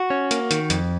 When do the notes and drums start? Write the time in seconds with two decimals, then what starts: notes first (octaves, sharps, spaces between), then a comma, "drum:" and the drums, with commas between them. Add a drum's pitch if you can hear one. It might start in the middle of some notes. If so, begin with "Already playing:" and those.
Already playing: F#4
0.10 C#4
0.31 A#3, drum: hi-hat
0.51 D#3, drum: hi-hat
0.70 F2, drum: hi-hat